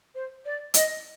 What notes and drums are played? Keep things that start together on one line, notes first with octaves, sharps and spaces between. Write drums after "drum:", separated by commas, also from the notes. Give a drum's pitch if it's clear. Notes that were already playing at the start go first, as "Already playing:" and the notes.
C5
D5
D#5, drum: hi-hat